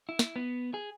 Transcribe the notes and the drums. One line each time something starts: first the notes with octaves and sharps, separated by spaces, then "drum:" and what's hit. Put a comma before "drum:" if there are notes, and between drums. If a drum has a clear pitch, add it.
E4
drum: snare
B3
G#4